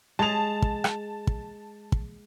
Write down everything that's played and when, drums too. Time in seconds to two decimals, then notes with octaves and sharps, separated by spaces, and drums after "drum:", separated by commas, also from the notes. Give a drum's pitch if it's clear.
0.19 G#3 D#5 A5 F7
0.62 drum: kick
0.84 drum: rim click
1.27 drum: kick
1.92 drum: kick